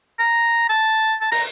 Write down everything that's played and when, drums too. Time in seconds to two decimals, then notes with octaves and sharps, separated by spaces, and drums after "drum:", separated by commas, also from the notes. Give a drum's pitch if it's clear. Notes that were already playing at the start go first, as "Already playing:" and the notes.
0.19 A#5
0.69 A5
1.21 A5
1.32 A#5, drum: open hi-hat